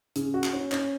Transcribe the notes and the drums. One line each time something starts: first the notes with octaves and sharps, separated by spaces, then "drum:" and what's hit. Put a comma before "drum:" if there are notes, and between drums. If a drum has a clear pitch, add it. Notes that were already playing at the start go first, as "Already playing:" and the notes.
C#3, drum: hi-hat
F#4
drum: clap
C#4
C#4, drum: clap